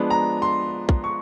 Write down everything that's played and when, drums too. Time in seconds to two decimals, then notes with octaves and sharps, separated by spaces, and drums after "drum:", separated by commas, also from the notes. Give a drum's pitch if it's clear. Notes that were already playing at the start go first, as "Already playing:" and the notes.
Already playing: F3 G#3 B3 D4
0.10 A#5
0.42 C6
0.89 drum: kick
1.04 C#6